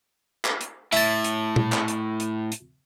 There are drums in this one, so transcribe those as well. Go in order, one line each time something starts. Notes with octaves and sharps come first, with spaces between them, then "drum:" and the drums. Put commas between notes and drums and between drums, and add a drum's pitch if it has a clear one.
drum: clap
drum: hi-hat
A2 E5 A5, drum: hi-hat
drum: hi-hat
drum: tom A#2
drum: clap
drum: hi-hat
drum: hi-hat
drum: hi-hat